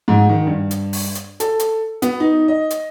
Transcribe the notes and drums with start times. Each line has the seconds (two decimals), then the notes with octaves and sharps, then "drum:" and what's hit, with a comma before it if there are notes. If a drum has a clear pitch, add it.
0.08 G#2
0.29 D#3
0.47 G2
0.71 drum: hi-hat
0.93 drum: open hi-hat
1.15 drum: hi-hat
1.40 A4, drum: hi-hat
1.59 drum: hi-hat
2.02 B3, drum: hi-hat
2.20 D#4
2.48 D#5
2.70 drum: hi-hat